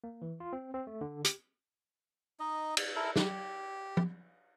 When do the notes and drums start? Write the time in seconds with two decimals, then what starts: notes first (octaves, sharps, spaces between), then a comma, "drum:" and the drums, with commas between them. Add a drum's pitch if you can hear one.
0.04 A#3
0.22 E3
0.40 F4
0.53 C4
0.74 C4
0.87 A3
1.01 D3
1.24 G4, drum: hi-hat
2.40 D#4 D#5
2.77 drum: cymbal
2.96 E4 A4 A#4
3.16 G4, drum: snare
3.97 drum: tom